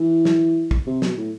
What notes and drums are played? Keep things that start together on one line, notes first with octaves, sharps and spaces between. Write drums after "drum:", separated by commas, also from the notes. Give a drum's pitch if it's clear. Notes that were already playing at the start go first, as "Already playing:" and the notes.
Already playing: E3
drum: snare
drum: kick
C3
B2, drum: snare
A2